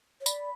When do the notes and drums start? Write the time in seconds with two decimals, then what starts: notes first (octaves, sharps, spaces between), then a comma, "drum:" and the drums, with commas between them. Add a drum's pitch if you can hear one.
0.21 C#5
0.26 D5 B5, drum: tambourine